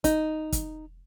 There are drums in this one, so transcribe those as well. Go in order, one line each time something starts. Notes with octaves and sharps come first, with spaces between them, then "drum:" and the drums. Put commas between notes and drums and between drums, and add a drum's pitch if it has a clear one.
D#4, drum: kick, hi-hat
drum: kick, hi-hat